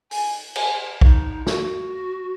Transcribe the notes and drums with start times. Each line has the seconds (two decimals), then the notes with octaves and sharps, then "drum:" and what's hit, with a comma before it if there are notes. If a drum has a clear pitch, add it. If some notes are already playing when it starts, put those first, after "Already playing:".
0.11 G#5, drum: open hi-hat
0.56 G#5, drum: cymbal
1.01 D#4, drum: kick
1.47 F#4, drum: snare